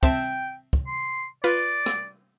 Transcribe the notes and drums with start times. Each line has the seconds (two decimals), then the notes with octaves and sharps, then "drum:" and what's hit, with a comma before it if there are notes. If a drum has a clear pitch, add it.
0.03 C4 E5 G5 A5, drum: kick
0.73 drum: kick
0.86 C6
1.44 F4 B4 D5, drum: hi-hat
1.86 drum: rim click